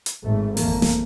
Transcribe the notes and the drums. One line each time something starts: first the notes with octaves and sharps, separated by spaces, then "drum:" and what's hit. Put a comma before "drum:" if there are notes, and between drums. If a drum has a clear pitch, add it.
drum: hi-hat
G#1 G#2 A3
G#1 F2 A3 A#3, drum: open hi-hat
drum: snare